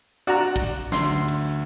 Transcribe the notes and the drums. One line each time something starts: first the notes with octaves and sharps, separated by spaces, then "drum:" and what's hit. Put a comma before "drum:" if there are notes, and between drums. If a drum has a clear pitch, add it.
F#4 D5 A#5
drum: kick, cymbal
D2 C6, drum: snare
drum: cymbal